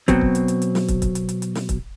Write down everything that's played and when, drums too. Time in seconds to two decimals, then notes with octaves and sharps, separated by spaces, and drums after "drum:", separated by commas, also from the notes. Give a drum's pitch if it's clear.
0.08 B2 F#3 C4, drum: kick, hi-hat
0.21 drum: kick
0.35 drum: hi-hat
0.48 drum: hi-hat
0.62 drum: hi-hat
0.75 drum: snare
0.88 drum: kick, hi-hat
1.02 drum: kick, hi-hat
1.15 drum: hi-hat
1.29 drum: hi-hat
1.42 drum: hi-hat
1.55 drum: snare
1.69 drum: kick, hi-hat